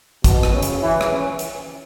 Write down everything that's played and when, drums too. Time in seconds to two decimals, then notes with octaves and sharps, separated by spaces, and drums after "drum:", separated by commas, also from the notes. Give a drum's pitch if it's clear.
0.24 B2, drum: kick, hi-hat
0.43 drum: rim click
0.53 C#3
0.63 drum: hi-hat
0.81 E3
1.01 drum: rim click
1.10 C#4
1.39 drum: hi-hat